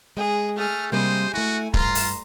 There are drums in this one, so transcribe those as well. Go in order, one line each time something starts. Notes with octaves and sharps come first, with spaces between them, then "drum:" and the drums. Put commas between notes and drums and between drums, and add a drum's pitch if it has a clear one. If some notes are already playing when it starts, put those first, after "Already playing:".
G#3 G#4
A3 G#4 F6
C3 G3 G#3 A#3 C5 D#6
A3 E4 F#4 G#5
G2 F4 A#5 C6, drum: kick D1
drum: open hi-hat